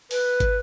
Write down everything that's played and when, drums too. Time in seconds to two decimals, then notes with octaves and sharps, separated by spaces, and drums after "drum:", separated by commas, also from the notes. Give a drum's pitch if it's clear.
0.11 B4, drum: open hi-hat
0.40 drum: kick, hi-hat